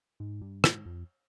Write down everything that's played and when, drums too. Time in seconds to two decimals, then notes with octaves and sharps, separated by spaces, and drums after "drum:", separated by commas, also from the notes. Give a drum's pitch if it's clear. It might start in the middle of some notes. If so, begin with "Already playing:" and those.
0.20 G#2
0.42 G2
0.64 G#2, drum: rim click
0.86 F2